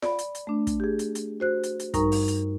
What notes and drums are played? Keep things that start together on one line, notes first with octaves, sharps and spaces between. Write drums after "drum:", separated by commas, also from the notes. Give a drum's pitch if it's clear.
D5 B5, drum: snare F4
drum: hi-hat
drum: hi-hat
A3 D4
drum: kick, hi-hat
G4 G#4
drum: hi-hat
drum: hi-hat
F#4 C5 F#6
drum: hi-hat
drum: hi-hat
G2 G3 D#4 A#4 A#5 C#6, drum: kick, hi-hat
drum: open hi-hat
drum: hi-hat